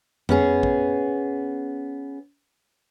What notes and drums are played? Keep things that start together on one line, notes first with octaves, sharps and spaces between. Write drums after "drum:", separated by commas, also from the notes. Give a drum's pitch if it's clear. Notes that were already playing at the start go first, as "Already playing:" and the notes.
B3 C#4 G#4, drum: tom F2
drum: kick